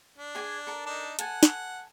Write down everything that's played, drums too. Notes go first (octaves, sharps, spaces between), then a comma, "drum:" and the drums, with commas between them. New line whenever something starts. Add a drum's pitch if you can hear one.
D4
G#4 D5 G#5
A4 A#4
D4 D#4
A4 F#5 G#5, drum: hi-hat
drum: snare